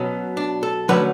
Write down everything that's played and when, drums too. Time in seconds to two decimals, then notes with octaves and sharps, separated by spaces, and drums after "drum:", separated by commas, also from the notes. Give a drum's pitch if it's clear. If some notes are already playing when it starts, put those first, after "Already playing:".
Already playing: B2 F#3 B3 C#4
0.37 D4
0.63 A4
0.89 D3 F#3 A3 C#4 B4, drum: tom F3